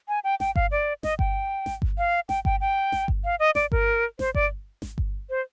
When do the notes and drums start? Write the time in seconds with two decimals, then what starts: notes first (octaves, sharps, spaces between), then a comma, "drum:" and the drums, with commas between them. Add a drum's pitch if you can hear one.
0.08 G#5
0.24 G5
0.40 G5, drum: snare G#1
0.56 F5, drum: kick G1
0.71 D5
1.03 D#5, drum: snare G#1
1.19 G5, drum: kick G1
1.66 drum: snare G#1
1.82 drum: kick G1
1.98 F5
2.29 G5, drum: snare G#1
2.45 G5, drum: kick G1
2.61 G5
2.92 drum: snare G#1
3.08 drum: kick G1
3.24 F5
3.40 D#5
3.55 D5, drum: snare G#1
3.72 A#4, drum: kick G1
4.19 C5, drum: snare G#1
4.35 D5, drum: kick G1
4.82 drum: snare G#1
4.98 drum: kick G1
5.30 C5